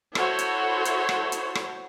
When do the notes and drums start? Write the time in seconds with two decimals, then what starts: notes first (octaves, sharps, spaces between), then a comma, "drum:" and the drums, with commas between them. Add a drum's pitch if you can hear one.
0.15 E4 F#4 A4 C5 C#5, drum: rim click
0.39 drum: hi-hat
0.85 drum: hi-hat
1.09 drum: rim click
1.32 drum: hi-hat
1.55 drum: rim click